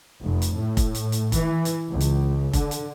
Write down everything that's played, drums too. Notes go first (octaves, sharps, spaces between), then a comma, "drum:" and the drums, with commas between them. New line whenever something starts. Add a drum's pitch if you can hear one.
F1
drum: hi-hat
A2
drum: kick F1, hi-hat
drum: hi-hat
drum: hi-hat
E3, drum: kick F1, hi-hat
drum: hi-hat
C#2
drum: hi-hat
D3, drum: kick F1, hi-hat
drum: hi-hat